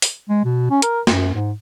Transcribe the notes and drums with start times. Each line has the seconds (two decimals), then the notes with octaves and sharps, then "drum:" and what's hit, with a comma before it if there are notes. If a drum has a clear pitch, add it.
0.02 drum: open hi-hat
0.29 G#3
0.44 B2
0.71 C#4
0.82 A#4, drum: hi-hat
1.07 F#2, drum: snare
1.34 G#2